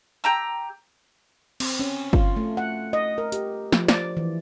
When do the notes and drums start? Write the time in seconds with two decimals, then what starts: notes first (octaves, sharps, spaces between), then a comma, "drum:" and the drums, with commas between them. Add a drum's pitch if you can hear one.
0.24 G4 A#5 E6
1.60 C4, drum: cymbal
1.80 C#4
2.13 F4, drum: kick G1
2.37 A3
2.57 F#5
2.93 D#5
3.18 A#4
3.32 G4, drum: hi-hat
3.72 F3, drum: snare
3.89 D5, drum: snare
4.17 E3